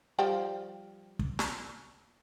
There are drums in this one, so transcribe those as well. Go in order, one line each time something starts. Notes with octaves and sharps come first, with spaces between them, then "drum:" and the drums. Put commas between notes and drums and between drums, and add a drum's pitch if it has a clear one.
F3 G3 G5
drum: kick
drum: snare